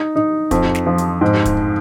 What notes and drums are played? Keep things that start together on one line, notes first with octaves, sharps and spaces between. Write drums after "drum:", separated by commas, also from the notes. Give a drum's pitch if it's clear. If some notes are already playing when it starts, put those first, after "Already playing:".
Already playing: D#4
D#4
F2, drum: kick, hi-hat
drum: snare
F3
drum: hi-hat
G#2
drum: kick, hi-hat